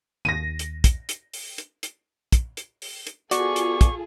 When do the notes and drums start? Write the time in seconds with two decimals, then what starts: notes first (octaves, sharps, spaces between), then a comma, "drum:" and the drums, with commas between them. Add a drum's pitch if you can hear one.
0.25 D#2 A#6 D#7
0.59 drum: hi-hat
0.84 drum: kick, hi-hat
1.09 drum: hi-hat
1.34 drum: open hi-hat
1.58 drum: hi-hat
1.83 drum: hi-hat
2.32 drum: kick, hi-hat
2.57 drum: hi-hat
2.82 drum: open hi-hat
3.07 drum: hi-hat
3.31 B3 F4 F#4 G#4 A4 D5 C#6, drum: hi-hat
3.56 drum: hi-hat
3.81 drum: kick, hi-hat